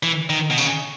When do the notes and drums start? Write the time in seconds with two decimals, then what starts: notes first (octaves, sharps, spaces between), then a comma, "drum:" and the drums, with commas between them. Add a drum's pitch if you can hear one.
0.03 E3
0.30 D#3
0.50 B2
0.58 C#3, drum: tambourine